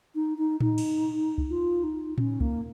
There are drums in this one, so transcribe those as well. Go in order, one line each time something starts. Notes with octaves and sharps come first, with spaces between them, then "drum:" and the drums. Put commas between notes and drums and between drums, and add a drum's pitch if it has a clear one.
D#4
D#4
D#4, drum: tom A2
drum: cymbal
drum: kick C#2
F4
D#4
C#4, drum: tom A2
A#3, drum: kick C#2